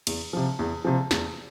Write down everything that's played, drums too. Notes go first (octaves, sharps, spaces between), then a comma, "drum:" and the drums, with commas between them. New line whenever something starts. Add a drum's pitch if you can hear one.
E2, drum: cymbal
C3 F3
E2
C3 F3
E2, drum: snare